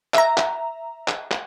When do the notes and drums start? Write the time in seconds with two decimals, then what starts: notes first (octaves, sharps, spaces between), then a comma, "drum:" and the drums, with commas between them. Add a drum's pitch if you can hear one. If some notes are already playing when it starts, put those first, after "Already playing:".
0.14 E5 A#5, drum: clap
0.37 drum: clap
1.08 drum: clap
1.31 drum: clap